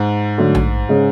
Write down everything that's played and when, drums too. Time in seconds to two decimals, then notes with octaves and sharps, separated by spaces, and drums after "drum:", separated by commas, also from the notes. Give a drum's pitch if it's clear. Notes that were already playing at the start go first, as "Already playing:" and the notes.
Already playing: G#2
0.38 D3 F#3 A3
0.55 drum: tom A#1
0.89 C#3 G#3 C#4